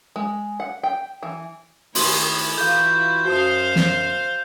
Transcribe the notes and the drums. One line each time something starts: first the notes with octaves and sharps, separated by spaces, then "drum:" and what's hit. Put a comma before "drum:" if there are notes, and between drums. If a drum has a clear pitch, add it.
G#3
F#5
G5
E3
D#3 A3 D#4 E4 C6, drum: open hi-hat
E3 F4 F#4 A4 F5 G6
F#2 F#4 C5 F5 A5 D#6
drum: snare